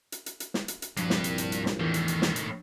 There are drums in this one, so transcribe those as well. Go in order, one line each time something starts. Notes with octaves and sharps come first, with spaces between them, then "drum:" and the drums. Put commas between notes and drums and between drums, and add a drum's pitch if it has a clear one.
drum: hi-hat
drum: hi-hat
drum: hi-hat
drum: snare
drum: hi-hat
drum: hi-hat
C2 G2 A#2 F3 D4 F#4 B4, drum: hi-hat
drum: snare
drum: hi-hat
drum: hi-hat
drum: hi-hat
drum: snare
E2 A2 D#3 E3 G6
drum: hi-hat
drum: hi-hat
drum: snare
drum: hi-hat